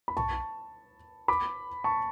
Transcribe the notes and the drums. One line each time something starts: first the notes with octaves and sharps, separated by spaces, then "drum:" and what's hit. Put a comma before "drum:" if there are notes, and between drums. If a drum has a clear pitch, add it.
B5
A5 C#6, drum: tom B1
B5 D6
A5 C#6